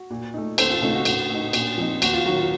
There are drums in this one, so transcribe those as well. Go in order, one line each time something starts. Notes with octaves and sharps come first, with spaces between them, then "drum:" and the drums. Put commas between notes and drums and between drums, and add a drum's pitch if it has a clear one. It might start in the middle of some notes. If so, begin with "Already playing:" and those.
Already playing: F#4
A#2
A3 D#4
D#2 A4 C5, drum: cymbal
F4 A4
C#3 A3 C4 D#4 F4 A4
F#4
A2, drum: cymbal
A3 D#4
A#2, drum: cymbal
F3 C4 D#4
D#2 F#4, drum: cymbal
F4
D#3 F#3 F#4
F4